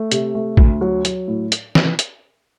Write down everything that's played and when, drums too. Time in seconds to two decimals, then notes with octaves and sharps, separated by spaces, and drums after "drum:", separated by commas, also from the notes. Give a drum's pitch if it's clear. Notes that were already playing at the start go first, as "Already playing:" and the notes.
Already playing: A3
0.12 C3, drum: hi-hat
0.35 A3
0.57 D2, drum: kick A1
0.81 F#3
1.05 F#3, drum: hi-hat
1.28 A2
1.52 drum: hi-hat
1.75 drum: snare
1.99 drum: hi-hat